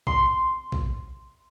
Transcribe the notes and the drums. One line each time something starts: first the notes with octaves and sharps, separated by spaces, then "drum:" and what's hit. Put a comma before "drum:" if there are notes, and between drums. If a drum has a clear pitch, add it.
C6, drum: kick A#1
drum: kick A#1